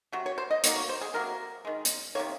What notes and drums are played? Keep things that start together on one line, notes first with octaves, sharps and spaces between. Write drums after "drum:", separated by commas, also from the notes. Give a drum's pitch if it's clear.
C3 F#3
C#5
C5
D#5
D#3 F#3 A#3, drum: hi-hat
C#5
C5
G#4
C3 F#3 A#3 A#4
D#3 G#3
drum: hi-hat
C3 D#3 A#3 C#5